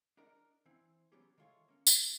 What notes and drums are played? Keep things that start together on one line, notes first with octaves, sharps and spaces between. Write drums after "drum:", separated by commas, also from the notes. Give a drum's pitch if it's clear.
D4 D#4 A#4
E3 C4
F#3 B3 C#4 G4 G#4
D#3 G#3 A3 F4 G#4 C#5
A#3 C#4
D4 D#4, drum: tambourine